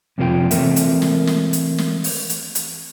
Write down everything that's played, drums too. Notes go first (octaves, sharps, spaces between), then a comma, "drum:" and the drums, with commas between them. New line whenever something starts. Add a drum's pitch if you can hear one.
F2 C3 A#3 E4 F4 G5
E3 A3 C4 A#4 E5, drum: hi-hat
drum: hi-hat
drum: snare
drum: snare
drum: hi-hat
drum: snare
drum: open hi-hat
drum: hi-hat
drum: hi-hat